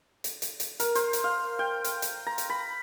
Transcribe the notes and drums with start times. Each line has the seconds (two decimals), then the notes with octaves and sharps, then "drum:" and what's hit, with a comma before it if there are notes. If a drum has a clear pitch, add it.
0.24 drum: hi-hat
0.42 drum: hi-hat
0.60 drum: hi-hat
0.80 A#4, drum: hi-hat
0.95 C5, drum: hi-hat
1.13 drum: hi-hat
1.24 F5
1.59 G5
1.84 drum: hi-hat
2.02 drum: hi-hat
2.27 A#5
2.38 drum: hi-hat
2.50 B5